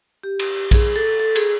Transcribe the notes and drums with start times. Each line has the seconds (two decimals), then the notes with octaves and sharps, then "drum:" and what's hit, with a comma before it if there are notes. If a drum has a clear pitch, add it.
0.23 G4
0.40 drum: cymbal
0.71 G#4, drum: kick A#1, cymbal
0.96 A4
1.20 A4
1.36 G#4, drum: cymbal